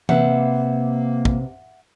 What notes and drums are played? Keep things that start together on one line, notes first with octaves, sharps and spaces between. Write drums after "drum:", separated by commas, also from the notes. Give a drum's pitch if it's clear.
C3 A#3 B4 E5 F#5, drum: tom E3
drum: kick